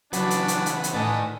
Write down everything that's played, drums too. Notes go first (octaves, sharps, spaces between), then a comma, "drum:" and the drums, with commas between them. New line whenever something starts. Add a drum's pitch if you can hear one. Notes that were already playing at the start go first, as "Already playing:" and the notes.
C#3 E3 F#3 C#4 D4 B4 F#5 B6, drum: hi-hat
drum: hi-hat
drum: hi-hat
drum: hi-hat
drum: hi-hat
A2 D#3 D5 D#5 G#5 A5